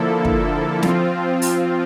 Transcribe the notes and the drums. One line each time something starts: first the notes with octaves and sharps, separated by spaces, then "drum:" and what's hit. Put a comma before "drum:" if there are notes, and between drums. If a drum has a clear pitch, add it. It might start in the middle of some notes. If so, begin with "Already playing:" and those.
Already playing: D3 F3 A#3 E4 A4
drum: kick
F3 C4 F4, drum: snare
drum: open hi-hat